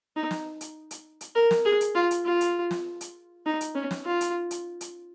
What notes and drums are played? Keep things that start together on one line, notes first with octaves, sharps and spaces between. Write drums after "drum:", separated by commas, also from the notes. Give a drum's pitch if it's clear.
D#4
drum: snare
drum: hi-hat
drum: hi-hat
drum: hi-hat
A#4
drum: snare
G#4
drum: hi-hat
F4
drum: hi-hat
F4
drum: hi-hat
drum: snare
drum: hi-hat
D#4
drum: hi-hat
C#4
drum: snare
F4
drum: hi-hat
drum: hi-hat
drum: hi-hat